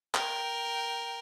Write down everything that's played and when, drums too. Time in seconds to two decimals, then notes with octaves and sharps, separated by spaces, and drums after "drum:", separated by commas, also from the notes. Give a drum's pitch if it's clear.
0.15 A#4 G5, drum: clap